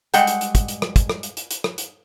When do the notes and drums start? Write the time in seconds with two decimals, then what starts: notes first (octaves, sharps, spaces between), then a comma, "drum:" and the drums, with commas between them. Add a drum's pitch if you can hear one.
0.14 G3 G#3 F#5 G5, drum: hi-hat
0.27 drum: hi-hat
0.41 drum: hi-hat
0.55 drum: kick, hi-hat
0.68 drum: hi-hat
0.82 drum: rim click
0.96 drum: kick, hi-hat
1.10 drum: rim click
1.23 drum: hi-hat
1.37 drum: hi-hat
1.51 drum: hi-hat
1.64 drum: rim click
1.78 drum: hi-hat